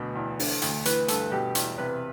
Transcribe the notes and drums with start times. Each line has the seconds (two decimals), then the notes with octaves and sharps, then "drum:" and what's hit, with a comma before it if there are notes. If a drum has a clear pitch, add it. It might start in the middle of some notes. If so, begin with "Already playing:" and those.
Already playing: D2 B2
0.15 E2
0.40 D3, drum: open hi-hat
0.62 D2, drum: hi-hat
0.85 E3 B4, drum: hi-hat
1.08 G2 A4, drum: hi-hat
1.32 B2 G4
1.55 E2, drum: hi-hat
1.78 C3 B4